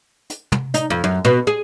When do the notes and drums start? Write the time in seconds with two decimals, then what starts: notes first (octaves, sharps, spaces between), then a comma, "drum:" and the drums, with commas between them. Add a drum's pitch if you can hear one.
0.30 drum: hi-hat
0.52 drum: tom
0.74 D#4, drum: hi-hat
0.90 F2
1.04 F#2
1.25 B2
1.47 G#4